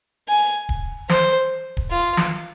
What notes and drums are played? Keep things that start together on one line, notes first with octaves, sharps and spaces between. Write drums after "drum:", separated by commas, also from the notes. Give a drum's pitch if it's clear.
G#5
drum: kick D1
C5, drum: snare
drum: kick D1
F4
drum: snare